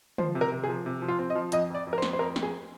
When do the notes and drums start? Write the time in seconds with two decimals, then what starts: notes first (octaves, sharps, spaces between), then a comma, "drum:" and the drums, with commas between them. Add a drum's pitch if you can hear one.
0.18 F3 C5, drum: tom
0.35 C3
0.41 A#4
0.52 C3
0.64 G#4
0.68 F3
0.86 C3
1.02 F3
1.08 F4
1.19 C4
1.30 D#5
1.35 F3
1.52 F2 D#5, drum: hi-hat
1.70 F2 D5
1.87 F2
1.93 A#4
1.98 C5
2.02 F2, drum: snare
2.13 C5
2.19 F2 A#4
2.36 F2, drum: snare
2.43 G#4